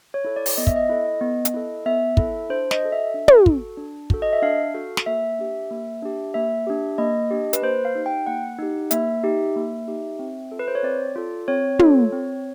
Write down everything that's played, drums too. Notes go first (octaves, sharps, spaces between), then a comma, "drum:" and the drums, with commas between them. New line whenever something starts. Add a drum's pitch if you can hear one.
C#5
E4 A4
D5
drum: open hi-hat
B3 D#5
E5, drum: kick
D#5
E4 A4
B3
drum: hi-hat
E4 A4
B3 E5
E4 A4, drum: kick
D4 C5
D#5, drum: snare
F#4 A4
E5
D4
drum: tom
F#4 A4, drum: kick
D4
F#4 A4, drum: kick
D#5
E5
D4 F5
F#4 A4
drum: snare
A#3 E5
D4 G4
A#3
D4 G4
A#3 E5
D4 G4
A#3 D#5
D4 G4
B4, drum: hi-hat
A#3 C5
F5
D#4 G4
G5
A#3 F#5
D#4 G4
A#3 E5, drum: hi-hat
D#4 G4
A#3
D#4 G4
C4
F4 A4
B4
C5
C#5
C4 D5
F4 A4
C4 C#5
F4 A4, drum: tom
C4